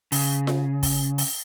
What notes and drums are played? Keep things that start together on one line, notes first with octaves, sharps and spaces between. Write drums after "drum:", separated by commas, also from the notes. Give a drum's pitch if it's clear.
C#3, drum: open hi-hat
drum: snare F4
drum: kick, open hi-hat
drum: open hi-hat